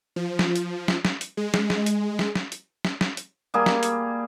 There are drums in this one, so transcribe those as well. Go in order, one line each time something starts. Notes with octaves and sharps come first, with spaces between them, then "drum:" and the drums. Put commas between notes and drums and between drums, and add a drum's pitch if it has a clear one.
F3
drum: snare
drum: hi-hat
drum: snare
drum: snare
drum: hi-hat
G#3
drum: snare
drum: snare
drum: hi-hat
drum: snare
drum: snare
drum: hi-hat
drum: snare
drum: snare
drum: hi-hat
G3 A#3 G#4
drum: snare
drum: hi-hat